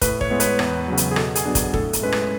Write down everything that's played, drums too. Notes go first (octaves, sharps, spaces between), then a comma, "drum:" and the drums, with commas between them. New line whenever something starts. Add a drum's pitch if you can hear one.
A2 B4, drum: kick, hi-hat
C#5, drum: kick
G#3 B3 E4
B4, drum: hi-hat
E2 B4, drum: rim click
C#3 F#3
drum: hi-hat
G#4
B2 A4, drum: rim click
G#4, drum: hi-hat
F#3 B3 D4
G#4, drum: kick, hi-hat
A2 A4, drum: kick
drum: hi-hat
G#3 C#4 E4 B4
drum: rim click